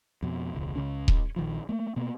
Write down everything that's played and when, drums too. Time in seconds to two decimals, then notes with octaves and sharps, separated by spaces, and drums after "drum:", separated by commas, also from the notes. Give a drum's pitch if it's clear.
0.23 F2 B2
0.55 E1 C#2
0.76 C#2 C#3 C#4
1.08 drum: kick D#1
1.36 A#1 D#3 F3
1.69 A3 A#3
1.96 B2 A#3 B3